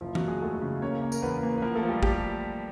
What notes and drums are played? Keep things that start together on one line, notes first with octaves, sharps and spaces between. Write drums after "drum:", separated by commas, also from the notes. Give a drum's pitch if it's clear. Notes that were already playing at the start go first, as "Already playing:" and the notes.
F#1 F3 F4
F#3 F#4, drum: tom E3
F#1
G#3 G#4
E2 A3 A4
C#3
A#3 C#4 C#5
A#3
A#4, drum: tambourine
E2 B3 B4
A#3
B4
F3 A#3 A#4
A3 A4
F3
G3 G4
G3 G4, drum: kick